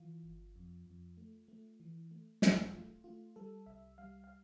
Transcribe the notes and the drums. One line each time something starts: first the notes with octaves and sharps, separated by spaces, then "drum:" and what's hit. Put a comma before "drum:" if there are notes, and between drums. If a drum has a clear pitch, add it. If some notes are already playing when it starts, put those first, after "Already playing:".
Already playing: E3 F4
G1
F2
F2
A3
A3
E3
A3
F2 F4, drum: snare
A3 F4
A3 F4
G3 A4
C2 E5
G3 F5
F5